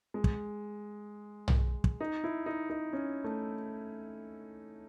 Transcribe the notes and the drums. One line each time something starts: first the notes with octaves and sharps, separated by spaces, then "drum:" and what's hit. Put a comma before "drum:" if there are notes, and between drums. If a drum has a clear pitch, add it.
G#3
drum: kick
drum: tom
drum: kick
D#4
E4
D#4
D#4
C#4
A3